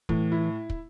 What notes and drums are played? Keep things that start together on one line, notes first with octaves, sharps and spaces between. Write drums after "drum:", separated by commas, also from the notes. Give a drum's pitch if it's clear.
A2 E3, drum: kick
E4
drum: kick